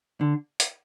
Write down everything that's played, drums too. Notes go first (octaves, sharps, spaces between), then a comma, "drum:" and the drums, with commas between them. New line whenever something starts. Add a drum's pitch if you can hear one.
D3
drum: hi-hat